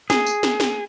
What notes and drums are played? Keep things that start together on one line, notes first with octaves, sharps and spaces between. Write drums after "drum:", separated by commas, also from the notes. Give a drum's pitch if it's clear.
G#4, drum: snare
drum: tambourine
drum: snare
drum: snare